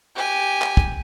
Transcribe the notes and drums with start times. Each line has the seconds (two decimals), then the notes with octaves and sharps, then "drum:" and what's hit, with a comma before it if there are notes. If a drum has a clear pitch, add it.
0.15 G4 G#5
0.62 drum: clap
0.77 drum: kick